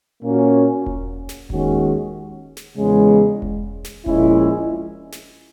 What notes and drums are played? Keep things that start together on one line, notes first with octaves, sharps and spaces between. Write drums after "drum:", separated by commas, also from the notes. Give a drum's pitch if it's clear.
A#2 A#3 C#4 F#4
drum: kick E1
drum: snare
D#2 D#3 G#3 C#4 F#4, drum: kick E1
drum: snare
E2 C#3 G#3
drum: kick E1
drum: snare
A#1 A#2 G#3 C#4 E4, drum: kick E1
drum: snare